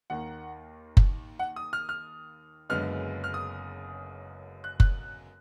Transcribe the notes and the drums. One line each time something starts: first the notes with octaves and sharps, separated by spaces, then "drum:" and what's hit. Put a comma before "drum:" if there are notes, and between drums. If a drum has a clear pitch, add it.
D#2 D#3 A#3 F#5
drum: kick F#1
F#5
D#6
F6
F6
F#1 F#2 D3 G#3 B3 F6
F6
D#6
F#6
F#6, drum: kick F#1